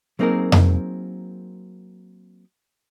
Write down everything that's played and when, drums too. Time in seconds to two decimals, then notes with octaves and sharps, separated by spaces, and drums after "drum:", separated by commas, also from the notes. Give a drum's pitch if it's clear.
0.19 F#3 A#3 C4 D#4 G#4 A#4
0.52 drum: tom F2